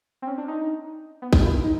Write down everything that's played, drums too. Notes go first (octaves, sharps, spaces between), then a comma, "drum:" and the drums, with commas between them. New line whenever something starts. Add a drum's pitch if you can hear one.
C4
C#4
D4
D#4
B3
F4, drum: kick A1
E4
D#4